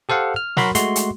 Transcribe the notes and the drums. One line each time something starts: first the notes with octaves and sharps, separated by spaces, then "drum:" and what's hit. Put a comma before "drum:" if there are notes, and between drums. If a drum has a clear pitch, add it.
G4 A4 C5 F5 F#5
F6
F#3 F#4 A#4 B5 C6, drum: snare
G#3 A3 F#4 C6, drum: hi-hat
drum: hi-hat